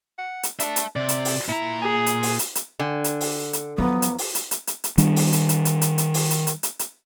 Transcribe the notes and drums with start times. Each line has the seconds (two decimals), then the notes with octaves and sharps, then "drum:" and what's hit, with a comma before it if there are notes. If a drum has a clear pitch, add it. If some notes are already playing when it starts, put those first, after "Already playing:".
0.18 F#5
0.43 drum: hi-hat
0.60 D4 E5 A5, drum: hi-hat
0.76 drum: hi-hat
0.96 C3 D5
1.09 drum: hi-hat
1.25 drum: open hi-hat
1.49 A#2 E4 A#5
1.82 G#4 G#5
2.06 drum: hi-hat
2.23 drum: open hi-hat
2.39 drum: hi-hat
2.55 drum: hi-hat
2.80 D3 G5 G#5
3.04 drum: hi-hat
3.21 drum: open hi-hat
3.53 drum: hi-hat
3.78 E2 F3 F#3 B3 A#5
4.02 drum: hi-hat
4.18 drum: open hi-hat
4.35 drum: hi-hat
4.51 drum: hi-hat
4.67 drum: hi-hat
4.84 drum: hi-hat
4.98 D#3 G3 D4, drum: hi-hat
5.16 drum: open hi-hat
5.33 drum: hi-hat
5.49 drum: hi-hat
5.65 drum: hi-hat
5.81 drum: hi-hat
5.98 drum: hi-hat
6.14 drum: open hi-hat
6.30 drum: hi-hat
6.47 drum: hi-hat
6.63 drum: hi-hat
6.79 drum: hi-hat